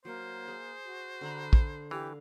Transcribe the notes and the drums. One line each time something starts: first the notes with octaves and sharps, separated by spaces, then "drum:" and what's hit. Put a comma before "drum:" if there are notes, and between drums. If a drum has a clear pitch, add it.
F#3 A#3 C5
G#4
F#4
D3 A#5 B5
drum: kick
E3 G4 F5